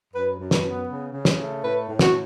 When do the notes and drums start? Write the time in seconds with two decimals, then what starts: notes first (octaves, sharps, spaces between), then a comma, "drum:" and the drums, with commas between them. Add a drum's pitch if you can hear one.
0.13 F#2 B4
0.38 F#2
0.51 B4, drum: snare
0.63 B3
0.88 C#3
1.12 C#3
1.25 drum: snare
1.37 A3
1.62 A2 B4
1.87 A2
1.99 F#4, drum: snare